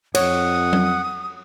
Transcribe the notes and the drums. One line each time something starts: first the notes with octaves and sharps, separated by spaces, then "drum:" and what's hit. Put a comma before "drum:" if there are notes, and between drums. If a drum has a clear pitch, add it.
F2 C#5 F#5 D#6, drum: cymbal
drum: tom